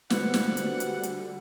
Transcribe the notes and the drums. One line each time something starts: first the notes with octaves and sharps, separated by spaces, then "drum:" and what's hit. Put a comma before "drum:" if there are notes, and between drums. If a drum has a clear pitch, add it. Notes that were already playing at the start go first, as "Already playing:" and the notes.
D3 G3 F4 F#4 B4 C5 F#5, drum: snare
drum: snare
drum: hi-hat
drum: hi-hat
drum: hi-hat